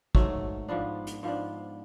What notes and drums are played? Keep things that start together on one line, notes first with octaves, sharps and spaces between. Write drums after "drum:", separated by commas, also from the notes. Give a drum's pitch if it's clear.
G#2 F#3 A3, drum: kick
G#2 F3 B3 D4
drum: hi-hat
G#2 F3 B3 D4